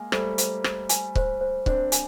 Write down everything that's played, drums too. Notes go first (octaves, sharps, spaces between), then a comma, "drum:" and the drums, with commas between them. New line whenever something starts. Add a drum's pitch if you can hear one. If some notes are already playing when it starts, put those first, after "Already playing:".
Already playing: G#3 A#3 G#5
G3 A3 C5, drum: rim click
C5, drum: hi-hat
C5, drum: rim click
G#5, drum: hi-hat
C5, drum: kick C#1
C5
C4 D4 C5, drum: kick C#1
G#5, drum: hi-hat